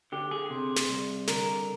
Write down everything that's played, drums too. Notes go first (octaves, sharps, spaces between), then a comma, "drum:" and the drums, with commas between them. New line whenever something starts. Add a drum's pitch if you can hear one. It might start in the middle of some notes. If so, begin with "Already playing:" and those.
D3 G4
G#4
C3
drum: snare
C2
D3 A#4, drum: snare